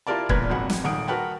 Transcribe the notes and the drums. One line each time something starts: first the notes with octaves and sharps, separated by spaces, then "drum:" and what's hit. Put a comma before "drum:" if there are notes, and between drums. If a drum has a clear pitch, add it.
E4 F4 G4 A#4 D5 A5
G1 E2 A#2 A#4 B4 G#6, drum: kick C#1
G#1 F2 F#3 F#5 B5
drum: snare
D#1 D#3 F#5 D#6 D7
F#4 A#4 B4 F#5 G5 A5